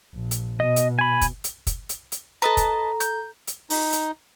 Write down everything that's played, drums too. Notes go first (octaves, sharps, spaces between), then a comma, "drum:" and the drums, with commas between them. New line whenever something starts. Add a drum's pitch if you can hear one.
A#1
drum: hi-hat
B2 D#5
drum: hi-hat
G#5 B5
drum: kick, hi-hat
drum: hi-hat
drum: kick, hi-hat
drum: hi-hat
drum: hi-hat
A4 B4 D#5 A5 A#5
drum: kick, hi-hat
G6, drum: hi-hat
drum: hi-hat
D#4, drum: open hi-hat
drum: hi-hat